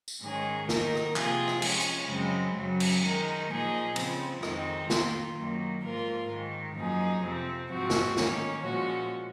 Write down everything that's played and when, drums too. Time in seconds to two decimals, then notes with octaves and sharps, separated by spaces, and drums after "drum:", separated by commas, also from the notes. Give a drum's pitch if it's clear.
0.08 drum: tambourine
0.22 G#2 D#3 G#3 C#4 G#4
0.69 D#3 A#3 D#4 A#4, drum: snare
0.95 drum: rim click
1.16 C3 F3 A#3 F4 G#4, drum: clap
1.48 drum: rim click
1.62 F3 G#3 C#4, drum: cymbal
1.80 drum: hi-hat
2.09 F#2 C#3 G#3 C4
2.56 F#2 C#3 F#3
2.80 drum: cymbal
3.03 D#3 G#3 D#4 A#4
3.50 A#2 F3 A#3 D#4 G#4
3.96 C#3 F3 C4, drum: cymbal
4.43 F2 D#3 G#3 C4 D#4, drum: rim click
4.90 D#3 A#3 F4, drum: snare
5.37 F#2 D#3 A#3
5.83 G#2 F3 A#3 F4 A#4
6.30 G#2 D#3 G#3
6.76 F#2 F3 A#3 D#4 G#4
7.23 F2 C3 F3 C4
7.70 G#2 F3 C4 F#4
7.90 drum: snare
8.17 D#3 A#3 C#4, drum: snare
8.64 A#2 F3 G#3 C#4 F#4